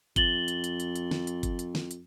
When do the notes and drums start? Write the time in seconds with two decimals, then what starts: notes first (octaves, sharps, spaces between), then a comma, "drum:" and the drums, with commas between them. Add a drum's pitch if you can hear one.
0.16 F2 A6 F#7 G7, drum: kick G1, hi-hat
0.48 drum: hi-hat
0.64 drum: hi-hat
0.80 drum: hi-hat
0.96 drum: hi-hat
1.11 drum: snare
1.27 drum: hi-hat
1.43 drum: kick G1, hi-hat
1.59 drum: hi-hat
1.75 drum: snare
1.91 drum: hi-hat